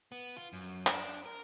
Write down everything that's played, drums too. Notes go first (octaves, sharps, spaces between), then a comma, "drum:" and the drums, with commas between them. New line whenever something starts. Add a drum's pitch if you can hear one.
B3
F4
F#2
D4, drum: clap
A#4